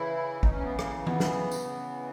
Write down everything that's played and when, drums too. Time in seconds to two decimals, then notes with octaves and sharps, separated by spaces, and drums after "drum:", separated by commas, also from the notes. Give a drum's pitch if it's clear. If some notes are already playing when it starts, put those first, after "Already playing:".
Already playing: C#3 E3 E4
0.43 D#4, drum: kick
0.50 C#3 E3 C#4
0.63 B3
0.79 A#3, drum: rim click
1.07 B3, drum: tom E3
1.20 drum: snare
1.51 drum: tambourine
1.63 C#3 E3